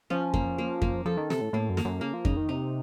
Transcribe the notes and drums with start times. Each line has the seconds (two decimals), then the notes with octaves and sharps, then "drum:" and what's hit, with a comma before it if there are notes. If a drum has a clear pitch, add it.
0.10 F3 C#4
0.34 A#3, drum: kick F2
0.58 A#3
0.82 A#3, drum: kick F2
1.06 F3 A4
1.17 D#3
1.30 C3 A4, drum: snare
1.41 A2
1.53 A2 A#3
1.70 F#2
1.77 A#3, drum: snare
1.85 F#2
2.01 C#3 A#3
2.14 F3
2.25 C#3 D#4, drum: kick F2
2.37 D#3
2.49 C3 D#4